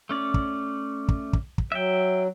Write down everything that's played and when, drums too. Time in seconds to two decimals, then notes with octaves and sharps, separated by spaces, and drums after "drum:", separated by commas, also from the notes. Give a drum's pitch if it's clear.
0.09 A3 C#4 D5
0.34 drum: kick
1.08 drum: kick
1.33 drum: kick
1.58 drum: kick
1.72 F#3 E5 G5